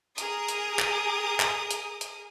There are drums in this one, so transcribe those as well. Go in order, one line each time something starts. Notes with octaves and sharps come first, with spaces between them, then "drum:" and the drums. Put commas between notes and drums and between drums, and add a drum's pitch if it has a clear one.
G#4 A#4 D#6, drum: hi-hat
drum: hi-hat
drum: clap
drum: clap
drum: hi-hat
drum: hi-hat